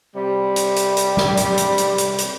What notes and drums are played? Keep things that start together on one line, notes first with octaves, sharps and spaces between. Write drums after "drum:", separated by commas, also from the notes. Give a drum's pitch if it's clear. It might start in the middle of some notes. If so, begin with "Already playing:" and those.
C3 G3
drum: hi-hat
drum: hi-hat
drum: hi-hat
drum: snare
drum: hi-hat
drum: hi-hat
drum: hi-hat
drum: hi-hat
drum: hi-hat